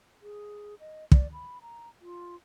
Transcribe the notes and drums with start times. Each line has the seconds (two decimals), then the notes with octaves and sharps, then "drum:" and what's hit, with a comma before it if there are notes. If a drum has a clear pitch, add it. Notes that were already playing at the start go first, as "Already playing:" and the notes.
0.22 G#4
0.80 D#5
1.12 D5, drum: kick
1.33 B5
1.62 A#5
2.01 F4